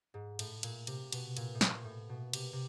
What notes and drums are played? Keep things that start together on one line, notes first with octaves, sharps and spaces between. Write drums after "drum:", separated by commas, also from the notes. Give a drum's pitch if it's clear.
G#2
A2, drum: cymbal
A#2, drum: cymbal
C3, drum: cymbal
B2, drum: cymbal
A#2, drum: cymbal
A2
A#2, drum: snare
A2
B2
C3, drum: cymbal
C3